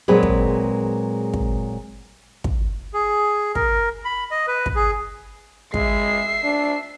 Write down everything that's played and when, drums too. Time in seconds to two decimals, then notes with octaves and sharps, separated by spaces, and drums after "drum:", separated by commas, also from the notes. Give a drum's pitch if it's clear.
0.08 A#2 F#3 G#3 C4 G#4 B4
0.23 drum: kick
1.34 drum: kick
2.44 drum: kick
2.94 G#4
3.55 A#4, drum: kick
4.05 B5
4.31 D#5
4.47 B4
4.66 drum: kick
4.76 G#4
5.74 G#3 E5 C7, drum: kick
6.44 D4